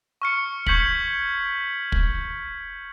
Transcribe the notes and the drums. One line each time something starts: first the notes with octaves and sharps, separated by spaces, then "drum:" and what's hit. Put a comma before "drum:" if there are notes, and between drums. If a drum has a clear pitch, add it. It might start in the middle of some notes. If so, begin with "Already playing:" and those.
C#6 F6 C#7
C#6 G6 G#6 B6 C#7 F#7, drum: kick
drum: kick